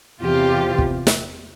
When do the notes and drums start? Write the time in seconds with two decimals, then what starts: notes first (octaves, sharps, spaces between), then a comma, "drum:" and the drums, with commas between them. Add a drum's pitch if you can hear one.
0.21 E2 C3 E3 F4 G4
0.78 drum: kick
1.07 drum: snare